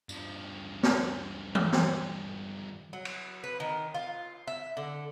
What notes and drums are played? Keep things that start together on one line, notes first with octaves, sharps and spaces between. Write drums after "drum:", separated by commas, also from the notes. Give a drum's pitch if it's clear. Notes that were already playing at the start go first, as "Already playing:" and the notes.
G2 F3, drum: tambourine
drum: snare
drum: tom E3
drum: snare
F#3
drum: cymbal
B4
D#3
F4
E5
D3